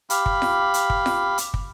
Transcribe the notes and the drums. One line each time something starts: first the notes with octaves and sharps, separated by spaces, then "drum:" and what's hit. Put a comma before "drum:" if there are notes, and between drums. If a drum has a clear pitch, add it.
G4 F5 B5, drum: hi-hat
drum: kick
drum: snare F4
drum: hi-hat
drum: kick
drum: snare F4
drum: hi-hat
drum: kick